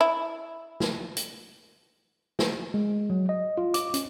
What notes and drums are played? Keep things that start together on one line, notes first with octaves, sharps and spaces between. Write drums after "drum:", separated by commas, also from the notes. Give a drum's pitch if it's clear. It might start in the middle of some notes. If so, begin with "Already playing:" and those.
E4
drum: snare
drum: hi-hat
drum: snare
G#3
F#3
D#5
F4
D6, drum: hi-hat
C#4, drum: hi-hat